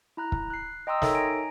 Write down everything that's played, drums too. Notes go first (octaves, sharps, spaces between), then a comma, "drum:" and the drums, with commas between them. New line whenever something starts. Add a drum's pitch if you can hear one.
E4 A#5 F#6
drum: kick
F#6 C7
D#5 G5 A#5 C6 D#6 E6
D#4 A4 A#4 C#5 E5 A#5, drum: snare
G#5 A#5 A#6 D7